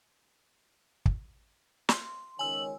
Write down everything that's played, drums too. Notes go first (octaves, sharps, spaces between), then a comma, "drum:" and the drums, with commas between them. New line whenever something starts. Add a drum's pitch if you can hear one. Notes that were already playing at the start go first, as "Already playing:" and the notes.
drum: kick
C6, drum: snare
C#2 D#3 C#5 G#5 E6 F#7